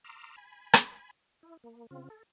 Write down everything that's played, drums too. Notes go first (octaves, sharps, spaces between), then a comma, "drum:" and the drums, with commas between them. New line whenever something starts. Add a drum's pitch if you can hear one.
A#5 C6 D6 E6 F6
G#5 B5
drum: rim click
E4
A#3
C#3 C4 F4
A4